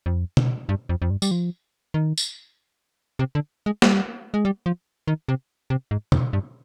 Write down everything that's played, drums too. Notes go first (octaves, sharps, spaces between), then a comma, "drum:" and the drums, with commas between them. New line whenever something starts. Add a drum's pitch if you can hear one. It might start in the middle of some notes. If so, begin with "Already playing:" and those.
F2
drum: tom B2
G2
F2
F2
G2
G3, drum: tambourine
F3
D#3
drum: tambourine
C3
D3
G#3
G3, drum: snare
G#3
G3
F3
D#3
C3
C3
G#2
F2, drum: tom B2
G2